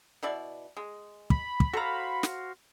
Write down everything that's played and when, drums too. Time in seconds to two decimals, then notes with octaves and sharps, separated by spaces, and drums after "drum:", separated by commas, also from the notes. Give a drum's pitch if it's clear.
0.23 B2 E4 D5
0.77 G#3
1.30 B5, drum: kick
1.60 drum: kick
1.74 F#4 A4 C5 F5 A#5
2.23 drum: snare